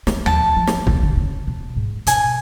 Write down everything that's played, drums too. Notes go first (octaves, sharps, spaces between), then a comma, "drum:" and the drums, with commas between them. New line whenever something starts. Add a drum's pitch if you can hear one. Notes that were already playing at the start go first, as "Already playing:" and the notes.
G#3, drum: snare
F#3
F3 A5, drum: tom D2
F3
drum: snare
D3, drum: kick
C#3
D3
C#3
B2
G#2
B2 G#5, drum: hi-hat